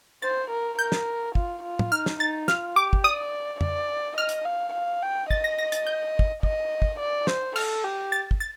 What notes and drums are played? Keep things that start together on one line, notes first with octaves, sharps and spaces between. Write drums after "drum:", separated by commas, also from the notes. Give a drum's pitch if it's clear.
C5 A6
A#4
A#4 G6
drum: snare
F4, drum: kick
F4
drum: tom
D#4 F6
drum: snare
D#4 A6
F4 F6, drum: snare
G4 D6
drum: kick
D5 D#6
D5, drum: tom F2
D#5 F6
drum: hi-hat
F5
F5
G5
D#5 A6, drum: kick
A#6
A#6
A6, drum: hi-hat
G6
drum: kick
D#5, drum: kick
drum: kick
D5
C5, drum: snare
A4 F6, drum: cymbal
G4
A6
drum: kick
A6